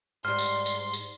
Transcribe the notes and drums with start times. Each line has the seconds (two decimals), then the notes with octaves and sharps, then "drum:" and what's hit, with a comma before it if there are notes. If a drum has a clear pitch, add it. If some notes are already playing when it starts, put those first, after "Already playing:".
0.25 G#2 G3 C6 F6
0.38 drum: tambourine
0.66 drum: tambourine
0.94 drum: tambourine